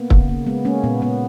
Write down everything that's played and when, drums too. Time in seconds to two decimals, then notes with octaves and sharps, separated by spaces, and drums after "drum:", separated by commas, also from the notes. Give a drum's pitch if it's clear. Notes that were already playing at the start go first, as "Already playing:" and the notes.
Already playing: A#3 B3
0.10 C#3, drum: kick
0.29 A#3
0.47 G#3 B3
0.65 G#3 A#3 C#4
0.84 A#2 B3
1.01 A#3 B3